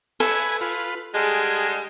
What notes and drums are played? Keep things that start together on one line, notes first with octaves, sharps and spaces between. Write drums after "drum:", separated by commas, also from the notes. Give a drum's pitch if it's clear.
A4 B4 G#5, drum: open hi-hat
F4 B4
D3 G3 G#3 G#4